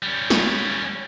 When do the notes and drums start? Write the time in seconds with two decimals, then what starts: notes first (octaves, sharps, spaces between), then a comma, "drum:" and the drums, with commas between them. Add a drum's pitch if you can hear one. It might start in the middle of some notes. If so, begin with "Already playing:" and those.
0.02 G3 C#4
0.30 drum: snare